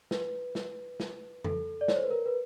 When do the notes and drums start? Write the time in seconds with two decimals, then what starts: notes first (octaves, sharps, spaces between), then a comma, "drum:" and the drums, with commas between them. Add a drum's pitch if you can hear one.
0.11 B4, drum: snare
0.55 drum: snare
1.00 drum: snare
1.44 A4, drum: tom F2
1.81 D5
1.88 C#5, drum: snare
1.95 C5
2.04 B4
2.11 A#4
2.26 B4